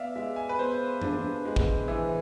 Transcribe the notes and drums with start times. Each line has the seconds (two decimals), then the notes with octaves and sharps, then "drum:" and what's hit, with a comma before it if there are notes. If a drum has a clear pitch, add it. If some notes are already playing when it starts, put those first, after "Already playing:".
Already playing: B3 D5 E5 F5
0.16 G#3 E5
0.36 G#5
0.49 B4
0.59 B3 C5
1.02 D4, drum: tom
1.45 G#3
1.56 drum: kick
1.88 E3